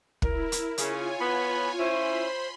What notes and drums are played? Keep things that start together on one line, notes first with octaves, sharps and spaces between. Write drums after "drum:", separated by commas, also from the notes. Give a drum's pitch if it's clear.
E4 A#4, drum: kick
drum: hi-hat
C#3 F4 C#5 G#5, drum: hi-hat
B3 B5
C#4 E4 C5 B5 C6